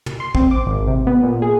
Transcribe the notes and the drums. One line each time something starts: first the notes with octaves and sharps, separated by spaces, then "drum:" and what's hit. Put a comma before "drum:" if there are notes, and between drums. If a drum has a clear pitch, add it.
drum: tom
C6
C4, drum: kick
D6
G#1
C3
B3
A#2
G#4